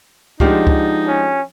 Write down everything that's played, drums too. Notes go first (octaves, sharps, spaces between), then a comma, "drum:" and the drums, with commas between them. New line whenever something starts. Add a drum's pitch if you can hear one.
F3 G#3 D4 D#4 F4 G4 F#5, drum: kick C#2
drum: kick C#2
C#4